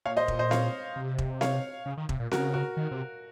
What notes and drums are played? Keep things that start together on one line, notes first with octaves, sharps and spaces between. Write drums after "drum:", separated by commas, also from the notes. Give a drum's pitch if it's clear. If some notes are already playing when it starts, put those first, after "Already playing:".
A#2 C#5 F5
C5 D#5
drum: kick E1
C5 D#5
C#5 F5, drum: snare C4
C3
drum: kick E1
C#5 F5, drum: snare C4
C#3
D#3
C3, drum: kick E1
A#2
C#3 F#4 A#4, drum: snare C4
F#4 A#4
D#3
C3